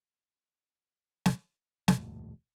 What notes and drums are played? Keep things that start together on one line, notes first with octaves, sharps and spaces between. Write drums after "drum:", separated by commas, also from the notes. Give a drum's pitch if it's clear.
drum: snare
E1 D2 G2 A#2 A3, drum: snare